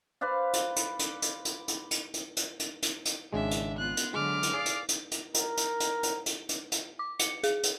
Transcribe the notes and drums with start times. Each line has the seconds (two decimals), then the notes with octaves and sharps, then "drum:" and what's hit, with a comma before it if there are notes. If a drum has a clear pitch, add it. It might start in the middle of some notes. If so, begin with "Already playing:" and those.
0.21 B4 C5 D5 F5
0.53 drum: hi-hat
0.76 drum: hi-hat
0.99 drum: hi-hat
1.22 drum: hi-hat
1.45 drum: hi-hat
1.68 drum: hi-hat
1.91 drum: hi-hat
2.14 drum: hi-hat
2.37 drum: hi-hat
2.60 drum: hi-hat
2.83 drum: hi-hat
3.05 drum: hi-hat
3.33 G#1 C#3 G#3 D4 E5
3.51 drum: hi-hat
3.79 B3 F4 F#6
3.97 drum: hi-hat
4.14 D3 F#3 G#3 D6 F6
4.43 drum: hi-hat
4.54 G#4 D5 F5
4.66 drum: hi-hat
4.89 drum: hi-hat
5.12 drum: hi-hat
5.34 A#4, drum: hi-hat
5.57 drum: hi-hat
5.80 drum: hi-hat
6.03 drum: hi-hat
6.26 drum: hi-hat
6.49 drum: hi-hat
6.72 drum: hi-hat
6.99 D6
7.19 C#7, drum: hi-hat
7.43 G#4, drum: hi-hat
7.63 drum: hi-hat